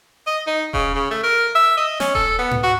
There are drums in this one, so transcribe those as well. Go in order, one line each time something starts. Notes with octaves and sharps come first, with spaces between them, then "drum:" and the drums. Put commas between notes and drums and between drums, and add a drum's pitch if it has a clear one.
D#5
D#4
C#3, drum: kick D#1
C#3
A3
A#4
E5
D#5
C#4, drum: snare
A4, drum: kick D#1
B3
drum: tom G#2
F#4